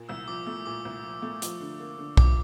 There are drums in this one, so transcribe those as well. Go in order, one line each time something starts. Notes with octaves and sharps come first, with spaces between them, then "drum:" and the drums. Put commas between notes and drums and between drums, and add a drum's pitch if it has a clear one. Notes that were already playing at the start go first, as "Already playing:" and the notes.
Already playing: A#2
C2 E6
F3 D6
A3 E6
A#2 D6
C2
F3
A3
F3, drum: hi-hat
D3
A#3
D3
F3 D6, drum: kick B1